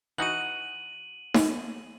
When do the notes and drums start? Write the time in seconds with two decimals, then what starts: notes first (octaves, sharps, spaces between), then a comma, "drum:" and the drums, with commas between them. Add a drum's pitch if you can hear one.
0.18 E3 D#4 F#4 F#5 D#7 F#7
1.34 drum: snare D#4